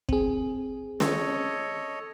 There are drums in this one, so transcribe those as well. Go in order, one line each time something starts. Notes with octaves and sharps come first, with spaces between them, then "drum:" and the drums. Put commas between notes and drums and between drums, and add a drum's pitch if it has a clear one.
C4 G#4, drum: kick
A4 C#5 D#5, drum: snare